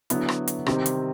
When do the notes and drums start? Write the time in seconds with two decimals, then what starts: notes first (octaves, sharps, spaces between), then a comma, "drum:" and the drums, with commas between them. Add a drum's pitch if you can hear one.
0.10 D3 F#3 B3 E4, drum: hi-hat
0.28 drum: rim click
0.48 drum: hi-hat
0.66 C3 D#3 G3 C4, drum: rim click
0.86 drum: hi-hat